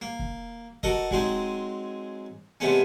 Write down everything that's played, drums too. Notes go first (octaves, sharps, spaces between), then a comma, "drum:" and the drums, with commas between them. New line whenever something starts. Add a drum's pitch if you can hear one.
A#3
drum: kick
F#4 A4 A#4 D#5, drum: kick
F#3 G#3 C4 D#4, drum: kick
C3 G#3 A3 B3 C#4